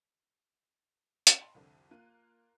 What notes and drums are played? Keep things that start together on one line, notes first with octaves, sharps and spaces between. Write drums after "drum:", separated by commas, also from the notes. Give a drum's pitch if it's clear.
drum: hi-hat
D#5 F#5 G5 A5 B5 C6
C2 F2 D3
A#3 F4 F#6 D#7